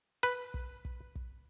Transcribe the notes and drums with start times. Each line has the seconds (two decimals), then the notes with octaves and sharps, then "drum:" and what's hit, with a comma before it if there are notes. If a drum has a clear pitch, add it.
0.23 B4
0.54 drum: kick
0.85 drum: kick
1.15 drum: kick